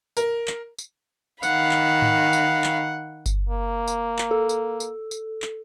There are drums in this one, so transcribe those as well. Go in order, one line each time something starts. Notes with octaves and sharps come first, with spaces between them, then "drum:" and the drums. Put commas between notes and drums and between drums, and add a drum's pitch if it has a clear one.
A#4, drum: tambourine
drum: clap
drum: tambourine
D#3 F5 F#5 B5, drum: tambourine
drum: clap
drum: tom G#2
drum: tambourine
drum: clap
drum: kick G1, tambourine
A#3
drum: tambourine
drum: clap
A4
drum: tambourine
drum: tambourine
drum: tambourine
drum: clap